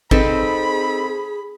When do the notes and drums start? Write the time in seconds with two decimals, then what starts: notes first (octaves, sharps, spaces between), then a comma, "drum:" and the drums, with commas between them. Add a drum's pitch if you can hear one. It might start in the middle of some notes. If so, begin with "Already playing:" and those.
0.11 C4 D#4 G#4 A4 B4 B5, drum: kick